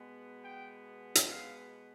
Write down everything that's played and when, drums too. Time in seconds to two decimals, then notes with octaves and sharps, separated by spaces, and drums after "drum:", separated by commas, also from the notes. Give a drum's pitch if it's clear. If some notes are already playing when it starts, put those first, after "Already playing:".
Already playing: B2 G#3 B3
0.43 G5
1.15 drum: hi-hat
1.29 F5